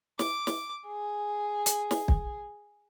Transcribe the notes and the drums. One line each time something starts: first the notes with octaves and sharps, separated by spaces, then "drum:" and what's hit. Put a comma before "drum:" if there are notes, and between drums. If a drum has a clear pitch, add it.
D6, drum: snare
drum: snare
G#4
drum: hi-hat
drum: snare
drum: kick